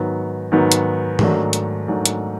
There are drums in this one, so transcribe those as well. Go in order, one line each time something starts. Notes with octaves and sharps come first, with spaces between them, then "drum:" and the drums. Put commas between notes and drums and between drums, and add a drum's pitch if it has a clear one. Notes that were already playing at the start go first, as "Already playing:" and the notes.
Already playing: G#2 D#3 F#3 B3
G#2 D#3 F#3 B3
drum: hi-hat
G#2 D#3 F#3 A3 D4, drum: tom
drum: hi-hat
G#2 D#3 F#3 A3 D4
drum: hi-hat